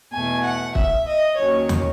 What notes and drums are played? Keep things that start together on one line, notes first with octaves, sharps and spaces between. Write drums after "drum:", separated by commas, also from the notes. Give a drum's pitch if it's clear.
E2 B2 A3 G#5
F#5
E5, drum: kick
D#5
D#2 D#3 F#3 C#4 C#5
drum: tom D#2